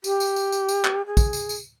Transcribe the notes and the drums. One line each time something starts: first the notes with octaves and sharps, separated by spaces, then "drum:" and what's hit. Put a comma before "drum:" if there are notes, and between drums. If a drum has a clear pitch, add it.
G4, drum: tambourine
drum: tambourine
drum: tambourine
drum: tambourine
drum: tambourine
drum: clap
G#4
drum: kick, tambourine
drum: tambourine
drum: tambourine